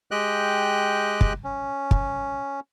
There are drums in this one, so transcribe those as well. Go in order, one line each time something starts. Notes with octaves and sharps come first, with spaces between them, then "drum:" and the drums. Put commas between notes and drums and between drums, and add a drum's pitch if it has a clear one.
G#3 G4 D#5 G5 F#6
drum: kick
C#4
drum: kick